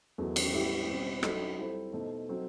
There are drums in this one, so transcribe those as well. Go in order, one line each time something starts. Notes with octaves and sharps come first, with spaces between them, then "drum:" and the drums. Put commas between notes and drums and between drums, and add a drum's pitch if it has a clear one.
E2 D#3 F#3 A3
drum: cymbal
A2 G3 B3 E4 G4
B2 G3 C4
F#3 A3 D#4 A4, drum: rim click
G3 C4 E4 A4 C5
B2 A3 D#4 A4 C5
F#3 C4 D#4 A4